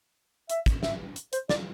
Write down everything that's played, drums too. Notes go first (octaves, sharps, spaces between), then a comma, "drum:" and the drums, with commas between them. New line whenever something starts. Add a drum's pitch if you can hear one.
E5, drum: hi-hat
drum: kick, hi-hat
E5, drum: snare
drum: hi-hat
C5, drum: hi-hat
D5, drum: snare